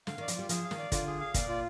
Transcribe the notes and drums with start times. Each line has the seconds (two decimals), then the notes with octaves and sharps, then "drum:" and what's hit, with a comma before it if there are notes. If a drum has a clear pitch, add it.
0.07 D3 F5, drum: snare
0.18 D#3
0.21 D5
0.28 F3, drum: hi-hat
0.35 G3 F4
0.49 F3 G#4, drum: hi-hat
0.64 F5
0.71 D#3, drum: snare
0.78 D5
0.92 D3 F4, drum: kick, hi-hat
1.07 G#4
1.20 F5
1.34 A#2 D5, drum: kick, hi-hat
1.49 F4